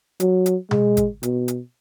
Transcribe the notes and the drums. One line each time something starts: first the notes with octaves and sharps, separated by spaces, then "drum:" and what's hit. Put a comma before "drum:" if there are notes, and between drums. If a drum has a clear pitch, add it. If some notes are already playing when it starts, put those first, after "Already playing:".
F#3, drum: hi-hat
drum: hi-hat
G#3, drum: tom B2
drum: kick G#1, hi-hat
B2, drum: hi-hat
drum: hi-hat